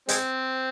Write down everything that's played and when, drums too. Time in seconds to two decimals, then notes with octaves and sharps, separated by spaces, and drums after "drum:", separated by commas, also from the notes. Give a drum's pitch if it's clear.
0.09 G#3 C4, drum: hi-hat